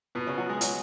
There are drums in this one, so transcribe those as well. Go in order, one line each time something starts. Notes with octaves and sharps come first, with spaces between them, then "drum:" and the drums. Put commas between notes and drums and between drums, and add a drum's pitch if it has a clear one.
B2 B3
C#3 C#4
F#3 F#4
G#3 G#4
F#3 F#4, drum: hi-hat